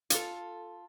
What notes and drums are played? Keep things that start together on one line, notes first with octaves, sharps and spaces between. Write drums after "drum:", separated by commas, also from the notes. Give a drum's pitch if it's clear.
F4 A4, drum: hi-hat